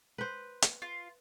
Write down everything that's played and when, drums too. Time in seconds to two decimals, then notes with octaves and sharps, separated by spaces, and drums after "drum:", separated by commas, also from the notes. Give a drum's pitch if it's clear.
0.18 B4 C5
0.62 drum: hi-hat
0.82 F4